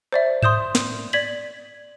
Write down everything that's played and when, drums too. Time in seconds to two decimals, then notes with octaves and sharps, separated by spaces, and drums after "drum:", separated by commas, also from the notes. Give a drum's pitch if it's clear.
0.12 C5 D5 E5
0.43 C6 D#6 G6 E7, drum: tom G#2
0.75 drum: snare
1.13 D5 G#6 B6 F#7